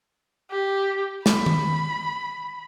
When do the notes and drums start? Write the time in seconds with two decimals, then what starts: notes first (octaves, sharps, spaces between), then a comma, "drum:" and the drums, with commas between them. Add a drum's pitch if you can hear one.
0.51 G4
1.26 B5, drum: snare
1.46 drum: tom D#3